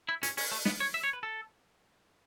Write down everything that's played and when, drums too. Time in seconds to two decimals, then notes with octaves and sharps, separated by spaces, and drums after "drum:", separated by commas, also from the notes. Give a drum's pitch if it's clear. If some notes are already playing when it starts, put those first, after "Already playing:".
0.09 E4
0.23 C#4, drum: hi-hat
0.37 C#4, drum: open hi-hat
0.52 A3
0.65 B3, drum: snare
0.80 C#5
0.94 E5
1.04 C#5
1.13 B4
1.23 A4